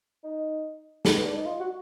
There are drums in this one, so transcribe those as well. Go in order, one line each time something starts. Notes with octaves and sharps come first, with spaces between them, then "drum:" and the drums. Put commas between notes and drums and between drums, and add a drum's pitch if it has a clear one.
D#4
drum: snare
B3
D4
D#4
F4
F#4